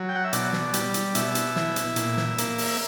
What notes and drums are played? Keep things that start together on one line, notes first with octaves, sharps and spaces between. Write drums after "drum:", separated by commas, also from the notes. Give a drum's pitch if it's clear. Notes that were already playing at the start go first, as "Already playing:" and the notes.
Already playing: F#3
G5
F#5
E5
B2 D5, drum: hi-hat
drum: snare
G3, drum: hi-hat
drum: hi-hat
B2 E5, drum: hi-hat
drum: hi-hat
E4, drum: snare
drum: hi-hat
A#2, drum: hi-hat
drum: snare
A#3, drum: hi-hat
drum: open hi-hat
E5